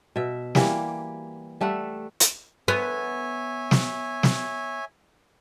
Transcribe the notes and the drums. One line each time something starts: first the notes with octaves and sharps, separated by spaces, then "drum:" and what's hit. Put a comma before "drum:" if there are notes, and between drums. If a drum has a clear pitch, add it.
B2 E5
E3 G3 A#3 G4, drum: snare
G3 A3 E5 F#5
drum: hi-hat
B3 C#5 E5 G#5
drum: snare
drum: snare